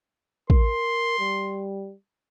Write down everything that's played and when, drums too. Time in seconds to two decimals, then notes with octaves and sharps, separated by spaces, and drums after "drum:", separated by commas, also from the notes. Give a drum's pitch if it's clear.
0.50 A#4 C6, drum: kick
1.19 G3